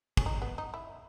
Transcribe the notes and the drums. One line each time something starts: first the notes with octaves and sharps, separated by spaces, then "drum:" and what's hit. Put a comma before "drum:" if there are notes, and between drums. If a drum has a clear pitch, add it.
C#4, drum: kick
D#4
B3
D#4
E4